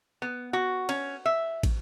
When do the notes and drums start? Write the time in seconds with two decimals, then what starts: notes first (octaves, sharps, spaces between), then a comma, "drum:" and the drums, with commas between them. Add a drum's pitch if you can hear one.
0.22 B3
0.53 F#4
0.89 C#4, drum: cymbal
1.25 E5
1.63 drum: kick, cymbal